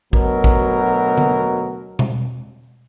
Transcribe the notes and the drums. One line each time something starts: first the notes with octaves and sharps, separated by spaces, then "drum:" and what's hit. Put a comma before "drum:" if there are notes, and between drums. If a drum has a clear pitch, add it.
D2 B2 F#3 A#4, drum: kick
drum: kick
drum: tom D3
drum: tom B2